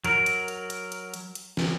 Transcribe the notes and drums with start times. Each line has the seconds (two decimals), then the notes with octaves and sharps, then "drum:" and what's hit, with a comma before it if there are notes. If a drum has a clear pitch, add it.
0.04 F#3 A#4, drum: hi-hat
0.26 drum: hi-hat
0.48 drum: hi-hat
0.70 drum: hi-hat
0.92 drum: hi-hat
1.14 drum: hi-hat
1.35 drum: hi-hat
1.57 drum: snare